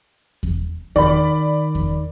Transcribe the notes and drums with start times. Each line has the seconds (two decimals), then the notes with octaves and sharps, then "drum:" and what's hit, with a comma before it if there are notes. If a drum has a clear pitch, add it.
0.43 drum: kick E2
0.96 D#3 D5 B5, drum: kick E2
1.75 drum: kick E2